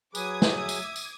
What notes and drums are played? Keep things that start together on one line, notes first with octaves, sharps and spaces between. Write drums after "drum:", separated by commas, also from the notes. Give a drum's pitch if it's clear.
F#3 G#4 B4 D6 D#6 G#6, drum: tambourine
drum: snare
E5
drum: tambourine
drum: tambourine